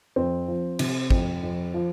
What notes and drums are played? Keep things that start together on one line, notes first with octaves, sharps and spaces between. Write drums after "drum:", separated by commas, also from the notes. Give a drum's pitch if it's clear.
F2 C4
F3
C3, drum: cymbal
F2, drum: kick
F2
F3